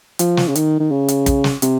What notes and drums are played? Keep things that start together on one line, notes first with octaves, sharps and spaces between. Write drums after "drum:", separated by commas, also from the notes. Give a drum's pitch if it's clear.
F3, drum: hi-hat
drum: snare
C#3
D#3, drum: hi-hat
D#3
C#3
drum: hi-hat
drum: kick, hi-hat
drum: snare
C3, drum: hi-hat